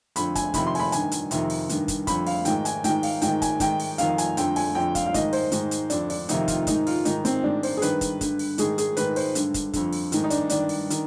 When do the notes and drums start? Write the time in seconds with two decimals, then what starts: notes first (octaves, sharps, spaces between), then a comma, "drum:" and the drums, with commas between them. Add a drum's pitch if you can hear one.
0.16 F2 D3 B5, drum: hi-hat
0.35 G#5, drum: kick, hi-hat
0.54 F2 C3 D#3 B5, drum: kick, hi-hat
0.66 C6
0.75 G#5, drum: open hi-hat
0.79 B5
0.92 G2 D#3 G#5, drum: hi-hat
1.12 drum: hi-hat
1.31 F2 C3 D#3, drum: hi-hat
1.50 drum: open hi-hat
1.69 G2 D#3, drum: hi-hat
1.88 drum: kick, hi-hat
2.07 F2 D3 B5, drum: kick, hi-hat
2.27 F5, drum: open hi-hat
2.45 G#2 D#3 G5, drum: hi-hat
2.65 G#5, drum: hi-hat
2.84 G#2 D#3 G5, drum: hi-hat
3.03 F5, drum: open hi-hat
3.22 G#2 D#3 G5, drum: hi-hat
3.42 G#5, drum: kick, hi-hat
3.60 G#2 D#3 G5, drum: kick, hi-hat
3.80 drum: open hi-hat
3.98 F2 D#3 F5, drum: hi-hat
4.18 G#5, drum: hi-hat
4.37 F2 D3 G5, drum: hi-hat
4.56 G#5, drum: open hi-hat
4.75 F2 D3 G5
4.95 F5, drum: kick, hi-hat
5.06 F5
5.14 G#2 D#3 D#5, drum: kick, hi-hat
5.33 C5, drum: open hi-hat
5.52 G#2 D#3, drum: hi-hat
5.71 drum: hi-hat
5.90 F2 D3 D4, drum: hi-hat
6.10 D4, drum: open hi-hat
6.29 F2 C3 D#3 D#4, drum: hi-hat
6.48 F4, drum: kick, hi-hat
6.67 G#2 D#3 D#4, drum: kick, hi-hat
6.87 F4, drum: open hi-hat
7.05 G#2 D#3 D#4, drum: hi-hat
7.25 C4, drum: hi-hat
7.43 G#2 D#3 D4
7.63 C5, drum: open hi-hat
7.77 G#4
7.82 G2 D#3 B4, drum: hi-hat
8.01 drum: kick, hi-hat
8.21 G2 D3, drum: kick, hi-hat
8.39 drum: open hi-hat
8.58 G#2 D#3 G#4, drum: hi-hat
8.78 G#4, drum: hi-hat
8.97 G#2 D#3 B4, drum: hi-hat
9.16 C5, drum: open hi-hat
9.35 G2 D3, drum: hi-hat
9.54 drum: kick, hi-hat
9.73 F2 D3, drum: kick, hi-hat
9.93 drum: open hi-hat
10.12 G#2 D#3, drum: hi-hat
10.24 D#4
10.30 D4, drum: hi-hat
10.50 G2 D#3 D4, drum: hi-hat
10.69 drum: open hi-hat
10.90 D#3, drum: hi-hat